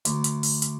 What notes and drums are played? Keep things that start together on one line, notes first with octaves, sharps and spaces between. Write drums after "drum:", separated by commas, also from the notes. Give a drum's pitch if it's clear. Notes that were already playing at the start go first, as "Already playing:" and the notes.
D2, drum: hi-hat
drum: hi-hat
drum: open hi-hat
drum: hi-hat